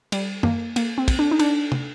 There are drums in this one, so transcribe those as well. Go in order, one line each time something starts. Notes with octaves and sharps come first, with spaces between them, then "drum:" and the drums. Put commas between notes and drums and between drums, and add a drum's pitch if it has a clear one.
G3, drum: cymbal
A#3, drum: tom
A#3, drum: cymbal
C4
drum: kick, cymbal
D4
D#4
D4, drum: cymbal
drum: tom